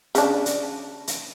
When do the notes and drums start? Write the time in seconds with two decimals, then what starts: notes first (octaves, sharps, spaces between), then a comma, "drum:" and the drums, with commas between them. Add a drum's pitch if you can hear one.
0.15 C#3 D4, drum: hi-hat
0.46 drum: hi-hat
1.07 drum: hi-hat